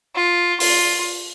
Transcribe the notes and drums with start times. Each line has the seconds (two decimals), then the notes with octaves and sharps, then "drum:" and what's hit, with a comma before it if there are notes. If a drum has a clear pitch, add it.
0.15 F4
0.60 F4, drum: open hi-hat